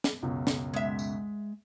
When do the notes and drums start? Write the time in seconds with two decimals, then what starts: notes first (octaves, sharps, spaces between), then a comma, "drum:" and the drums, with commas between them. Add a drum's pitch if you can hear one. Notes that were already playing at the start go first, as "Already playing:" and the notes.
0.04 drum: snare
0.22 C#2 F#2 B2
0.47 drum: snare
0.74 G#3 E5
0.99 drum: tambourine